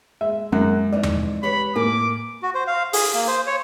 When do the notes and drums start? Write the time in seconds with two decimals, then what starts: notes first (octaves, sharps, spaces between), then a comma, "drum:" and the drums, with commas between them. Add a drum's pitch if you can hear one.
0.21 G#3 E5
0.52 F#2 G#3 F#4
0.93 F2 E3 D#4 D5
1.03 drum: tom E2
1.43 G4 B4 C#5 B5
1.76 A2 A#3 G#5 D6
2.43 F#4
2.55 C5
2.67 F5
2.93 G#4, drum: open hi-hat
3.14 A#3
3.28 C5
3.47 C#5